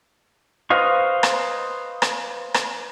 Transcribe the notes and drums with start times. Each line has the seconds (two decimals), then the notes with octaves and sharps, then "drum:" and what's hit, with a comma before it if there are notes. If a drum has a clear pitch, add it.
0.70 B4 C5 D#5 F5 C#6
1.23 drum: rim click
2.02 drum: rim click
2.54 drum: rim click